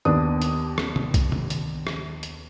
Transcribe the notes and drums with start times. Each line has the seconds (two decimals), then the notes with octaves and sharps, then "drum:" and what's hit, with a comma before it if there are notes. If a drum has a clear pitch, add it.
0.05 D#2 B3 D4 D#6
0.42 drum: hi-hat
0.78 drum: rim click
0.96 drum: tom C3
1.14 drum: kick, hi-hat
1.32 drum: tom C3
1.50 drum: hi-hat
1.87 drum: rim click
2.23 drum: hi-hat